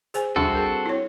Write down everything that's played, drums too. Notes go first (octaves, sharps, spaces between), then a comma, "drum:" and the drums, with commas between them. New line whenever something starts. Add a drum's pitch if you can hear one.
G#4 C5 G#5, drum: hi-hat
G3 C4 D4 F#4 G#4 A4, drum: tom
G#4 A#4
E4 C#5